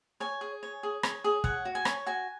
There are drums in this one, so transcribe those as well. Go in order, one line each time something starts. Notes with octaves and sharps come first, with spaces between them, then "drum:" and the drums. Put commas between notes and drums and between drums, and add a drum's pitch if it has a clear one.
C#5 G#5
G#4
C#5
G#4
C#5, drum: rim click
G#4
C#5 F#5, drum: kick
F#4
G#5
C#5, drum: rim click
F#4 G#5